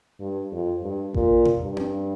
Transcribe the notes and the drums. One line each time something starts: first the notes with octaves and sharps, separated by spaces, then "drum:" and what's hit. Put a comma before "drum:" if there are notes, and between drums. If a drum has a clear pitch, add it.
G2
F2
G2
A#2, drum: kick A1
drum: tom B2
G2
drum: tom C4